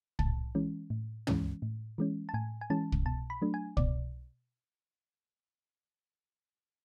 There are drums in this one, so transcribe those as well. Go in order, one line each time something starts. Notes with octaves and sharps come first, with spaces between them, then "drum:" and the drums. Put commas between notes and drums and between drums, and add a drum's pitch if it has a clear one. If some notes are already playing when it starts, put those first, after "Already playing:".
A2 A5, drum: kick
E3 G#3 C#4
A2
E3 G#3 C#4, drum: tom
A2
E3 G#3 C#4
A5
A2 G#5
G#5
E3 G#3 C#4 A5
drum: kick
B2 A5
B5
F#3 A3 D4
G#5
B2 D5, drum: kick